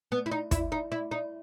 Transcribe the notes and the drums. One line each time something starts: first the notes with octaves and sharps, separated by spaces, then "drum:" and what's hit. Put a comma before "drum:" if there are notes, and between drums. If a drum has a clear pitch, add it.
B3
E4
D#4
E4, drum: kick, hi-hat
D#4
E4
D#4